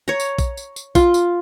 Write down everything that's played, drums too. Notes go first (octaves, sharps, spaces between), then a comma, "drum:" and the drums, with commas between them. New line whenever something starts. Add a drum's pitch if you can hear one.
C#5 A#5
drum: tambourine
drum: kick A#1, tambourine
drum: tambourine
drum: tambourine
F4, drum: kick A#1, tambourine
drum: tambourine